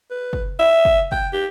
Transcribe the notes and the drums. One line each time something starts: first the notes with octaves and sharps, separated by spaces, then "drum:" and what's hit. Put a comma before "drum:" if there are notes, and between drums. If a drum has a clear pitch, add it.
B4
drum: kick
E5
drum: kick
G5, drum: kick
G4